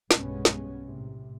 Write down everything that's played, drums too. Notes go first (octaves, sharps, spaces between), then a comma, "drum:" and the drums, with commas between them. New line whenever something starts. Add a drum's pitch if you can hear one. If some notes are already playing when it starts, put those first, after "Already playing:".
B1 G2 C#3 G#3 B3 C#4, drum: snare
drum: snare
A2 C3